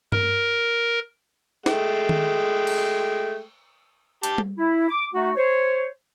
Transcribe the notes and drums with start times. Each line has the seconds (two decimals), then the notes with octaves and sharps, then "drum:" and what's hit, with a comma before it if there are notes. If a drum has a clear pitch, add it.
0.12 A#4, drum: tom G2
1.66 G#3 A3 G5, drum: snare
2.09 drum: tom D#3
2.67 drum: cymbal
4.23 G4 A5, drum: hi-hat
4.38 drum: tom G3
4.57 E4
4.90 D6
5.13 A3 D#4 F#4
5.36 C5 C#5